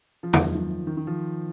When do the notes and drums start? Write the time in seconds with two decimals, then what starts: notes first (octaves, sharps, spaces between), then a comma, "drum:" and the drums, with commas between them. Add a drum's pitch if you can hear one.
0.23 F3
0.33 drum: tom
0.55 D#3
0.87 D#3
0.97 D#3
1.07 F3